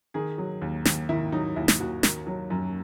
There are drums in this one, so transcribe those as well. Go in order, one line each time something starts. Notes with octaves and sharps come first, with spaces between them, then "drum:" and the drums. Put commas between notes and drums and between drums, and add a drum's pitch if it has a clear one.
D#3 G#4
F#3
D#2
D#2, drum: snare
D#3 E4
F#3 D#4
D#2 E4
drum: snare
D#2 F#4
D#3, drum: snare
F#3
F#2